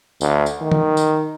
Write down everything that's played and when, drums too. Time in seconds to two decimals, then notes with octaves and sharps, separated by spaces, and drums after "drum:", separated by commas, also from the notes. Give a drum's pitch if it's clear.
0.21 D2, drum: tambourine
0.46 drum: tambourine
0.62 D#3
0.72 drum: tom D#3
0.97 drum: tambourine